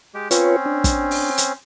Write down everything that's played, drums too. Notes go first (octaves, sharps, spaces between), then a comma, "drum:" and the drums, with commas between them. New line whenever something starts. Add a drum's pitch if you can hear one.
G#3 G4
C4 C#4 F4 B4 C#5, drum: hi-hat
D4
drum: kick, hi-hat
drum: open hi-hat
drum: hi-hat